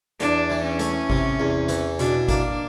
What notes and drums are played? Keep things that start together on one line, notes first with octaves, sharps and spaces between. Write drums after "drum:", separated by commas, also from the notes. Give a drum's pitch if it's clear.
E2 D4, drum: hi-hat
E3
C#4
A3, drum: hi-hat
C3, drum: kick G#1
E2
E3, drum: hi-hat
B2 D4, drum: hi-hat
A#3 D4, drum: kick G#1, hi-hat